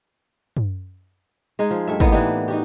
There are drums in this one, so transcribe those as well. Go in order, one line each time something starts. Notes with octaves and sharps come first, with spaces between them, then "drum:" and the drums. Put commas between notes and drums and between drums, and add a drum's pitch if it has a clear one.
drum: tom
G#3 D#4 G#4
F3
G2 A3 E5
A2 A#3 B3 D#4, drum: kick
E3 D4 D#4 G4
D#4 F#4 G4